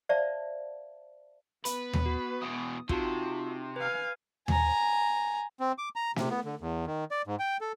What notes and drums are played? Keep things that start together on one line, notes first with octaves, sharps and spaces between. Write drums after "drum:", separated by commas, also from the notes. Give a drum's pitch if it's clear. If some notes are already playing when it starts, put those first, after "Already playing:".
C5 D5 E5 F5 A5
B3 B4, drum: hi-hat
drum: tom D#2
F#4
E2 B2 D#6
C3 D#4 F4 F#4 A5, drum: kick
B4 F5 G#5
G#5 A#5, drum: tom D#2
C4
D6
A#5
C3, drum: snare
B3
D3
E2
D#3
D5
G#2
G5
A4